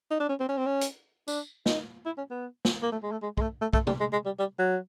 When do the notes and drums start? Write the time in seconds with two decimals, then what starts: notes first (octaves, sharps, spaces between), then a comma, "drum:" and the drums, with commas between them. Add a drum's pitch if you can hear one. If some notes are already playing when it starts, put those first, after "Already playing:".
0.11 D#4
0.20 D4
0.29 C#4
0.40 C4
0.49 C#4
0.57 C4
0.66 C#4
0.81 drum: hi-hat
1.28 D4, drum: tambourine
1.66 D#4, drum: snare
2.06 E4
2.18 C#4
2.31 B3
2.65 drum: snare
2.83 A#3
2.92 A3
3.03 G#3
3.12 A3
3.22 G#3
3.38 G#3, drum: kick
3.41 A3
3.62 A3
3.73 A3, drum: kick
3.87 G3, drum: tom
4.00 G#3
4.13 G#3
4.25 G3
4.39 G3
4.59 F#3